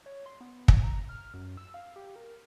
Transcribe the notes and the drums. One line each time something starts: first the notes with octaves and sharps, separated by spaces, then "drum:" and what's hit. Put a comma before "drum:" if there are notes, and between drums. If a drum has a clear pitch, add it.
C#5
C6
B3
G#5, drum: kick
A#5
F6
F#2
E6
F5
G4
A#4